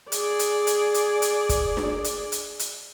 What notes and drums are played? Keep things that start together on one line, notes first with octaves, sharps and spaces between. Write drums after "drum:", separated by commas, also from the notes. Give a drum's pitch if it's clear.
G#4 D5, drum: hi-hat
drum: hi-hat
drum: hi-hat
drum: hi-hat
drum: hi-hat
drum: kick, hi-hat
drum: snare D4
drum: hi-hat
drum: hi-hat
drum: hi-hat